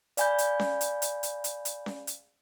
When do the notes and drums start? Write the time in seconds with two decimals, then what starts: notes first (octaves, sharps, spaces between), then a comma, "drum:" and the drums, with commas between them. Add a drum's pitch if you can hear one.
0.17 D5 F5 G#5 B5 G6, drum: hi-hat
0.38 drum: hi-hat
0.60 drum: snare C#4
0.81 drum: hi-hat
1.02 drum: hi-hat
1.23 drum: hi-hat
1.44 drum: hi-hat
1.65 drum: hi-hat
1.86 drum: snare C#4
2.07 drum: hi-hat